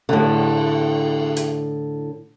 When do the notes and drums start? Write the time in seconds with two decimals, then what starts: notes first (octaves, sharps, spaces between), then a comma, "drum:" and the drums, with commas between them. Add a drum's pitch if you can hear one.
0.09 A2 D3, drum: cymbal
1.36 drum: hi-hat